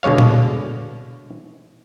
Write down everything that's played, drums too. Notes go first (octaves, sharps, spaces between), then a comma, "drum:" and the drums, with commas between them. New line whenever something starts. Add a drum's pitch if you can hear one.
B2 D3 G#3 C#5 F5
drum: tom A#2